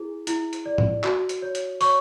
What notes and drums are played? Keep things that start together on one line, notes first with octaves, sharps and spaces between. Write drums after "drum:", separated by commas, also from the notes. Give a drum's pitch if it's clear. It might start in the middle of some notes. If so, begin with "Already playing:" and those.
Already playing: E4 G#4
E4, drum: hi-hat
drum: hi-hat
D5
drum: tom A2
F#4, drum: clap
drum: hi-hat
C#5
drum: hi-hat
C#5 C#6, drum: open hi-hat